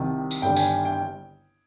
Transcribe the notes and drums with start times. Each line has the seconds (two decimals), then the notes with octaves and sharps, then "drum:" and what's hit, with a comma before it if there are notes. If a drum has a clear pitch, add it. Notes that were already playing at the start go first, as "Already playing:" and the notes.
Already playing: C2 C3 D#3
0.31 drum: tambourine
0.42 G1 G2 D#3 G3 G5
0.56 G#5, drum: tambourine
0.85 G5